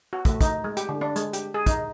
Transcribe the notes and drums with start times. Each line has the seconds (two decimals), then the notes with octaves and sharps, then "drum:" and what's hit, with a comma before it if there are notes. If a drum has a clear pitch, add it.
0.13 F#4
0.25 A3, drum: kick, hi-hat
0.41 D#4, drum: kick, hi-hat
0.64 G#3
0.77 G4, drum: hi-hat
0.89 D3
1.01 D4
1.16 G#3, drum: hi-hat
1.33 G4, drum: hi-hat
1.54 G#4
1.66 D#4, drum: kick, hi-hat